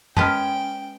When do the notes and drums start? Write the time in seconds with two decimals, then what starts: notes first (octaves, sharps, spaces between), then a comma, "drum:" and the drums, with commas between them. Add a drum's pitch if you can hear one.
0.17 G#3 B3 C#4 G5 A5 F6, drum: tom F#2